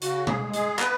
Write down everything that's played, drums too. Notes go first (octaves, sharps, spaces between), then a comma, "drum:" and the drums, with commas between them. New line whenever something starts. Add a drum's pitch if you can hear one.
C#3 F#4, drum: hi-hat
G#4, drum: tom B2
G#3
G#4, drum: hi-hat
B3 B4, drum: clap